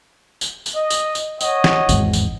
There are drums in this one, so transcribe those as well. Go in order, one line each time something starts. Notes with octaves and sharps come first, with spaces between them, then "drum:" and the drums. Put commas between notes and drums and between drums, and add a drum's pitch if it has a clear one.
drum: tambourine
drum: tambourine
D#5
drum: tambourine
drum: tambourine
C#5 D#5 F#5, drum: tambourine
drum: snare
G#1 E2 G#2, drum: tambourine
drum: tambourine